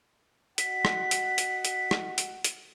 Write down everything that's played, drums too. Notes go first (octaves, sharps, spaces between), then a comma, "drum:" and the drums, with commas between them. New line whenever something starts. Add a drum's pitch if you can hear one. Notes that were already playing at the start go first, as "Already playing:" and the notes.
F#4 D#5 F#5 B6, drum: hi-hat
drum: rim click
drum: hi-hat
drum: hi-hat
drum: hi-hat
drum: rim click
drum: hi-hat
drum: hi-hat